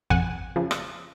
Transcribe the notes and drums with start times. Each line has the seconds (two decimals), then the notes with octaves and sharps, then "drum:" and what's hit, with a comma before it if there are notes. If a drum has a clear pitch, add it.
0.10 F2 F#5 G#5, drum: kick
0.56 C#3 F3
0.71 drum: rim click